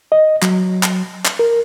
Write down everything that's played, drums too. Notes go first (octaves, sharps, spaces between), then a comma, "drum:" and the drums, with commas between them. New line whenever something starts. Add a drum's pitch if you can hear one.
D#5
F#3, drum: clap
drum: clap
drum: clap
A#4